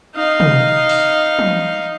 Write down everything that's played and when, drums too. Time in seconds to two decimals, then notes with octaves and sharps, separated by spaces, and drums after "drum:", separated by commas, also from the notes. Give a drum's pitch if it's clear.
0.15 D#4 F5
0.40 drum: tom
0.89 drum: open hi-hat
1.39 drum: tom